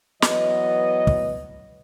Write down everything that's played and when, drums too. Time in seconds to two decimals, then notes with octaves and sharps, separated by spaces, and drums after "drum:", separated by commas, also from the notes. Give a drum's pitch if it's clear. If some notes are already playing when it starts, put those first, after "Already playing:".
0.22 E3 F#3 B3 D#5, drum: snare
1.07 drum: kick